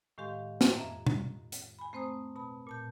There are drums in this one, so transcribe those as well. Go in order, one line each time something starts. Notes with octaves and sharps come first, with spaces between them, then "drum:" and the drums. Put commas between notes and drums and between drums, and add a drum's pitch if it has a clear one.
A2 D#3 G#3 G4 F5 C6
drum: snare
F2 E5 A#5
drum: tom B2
drum: hi-hat
G#5 B5
A3 C4 C5 A#5 D#6
B2 A5 B5
A#2 A5 G6